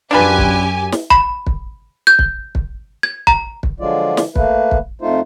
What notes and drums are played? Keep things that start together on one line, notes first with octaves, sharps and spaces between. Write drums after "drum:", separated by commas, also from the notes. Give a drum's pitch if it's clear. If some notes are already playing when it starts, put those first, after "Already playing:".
F#2 D4 F4 G4 B4 G#5
drum: kick
drum: snare
B5, drum: kick
drum: kick
G6
drum: kick
drum: kick
G#6
A#5, drum: kick
drum: kick
D3 F3 F#3 G#3 F4 D5
drum: snare
A3 A#3 B4, drum: kick
drum: kick
F2 A3 D#4 F4 C5